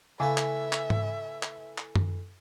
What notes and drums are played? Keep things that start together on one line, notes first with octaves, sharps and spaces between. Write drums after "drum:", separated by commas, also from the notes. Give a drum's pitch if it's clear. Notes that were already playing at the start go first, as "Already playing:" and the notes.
C#3 E3 A3 B4 E5 F5 G#5
drum: clap
drum: clap
drum: tom G#2
drum: clap
drum: clap
drum: tom F#2